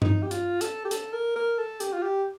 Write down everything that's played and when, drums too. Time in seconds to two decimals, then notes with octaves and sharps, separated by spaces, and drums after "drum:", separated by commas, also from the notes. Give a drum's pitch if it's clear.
0.02 D#4, drum: tom G2
0.23 G4
0.31 F4, drum: hi-hat
0.61 A4, drum: hi-hat
0.85 G4
0.91 A4, drum: hi-hat
1.13 A#4
1.36 A#4
1.58 A4
1.80 G4, drum: hi-hat
1.93 F4
2.03 G4